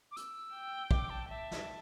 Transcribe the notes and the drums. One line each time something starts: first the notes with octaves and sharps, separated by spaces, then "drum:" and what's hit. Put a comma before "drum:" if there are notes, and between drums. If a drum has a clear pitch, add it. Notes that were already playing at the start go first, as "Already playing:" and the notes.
D6
E6, drum: hi-hat
G5
D6, drum: kick
A5
E5 A5
drum: snare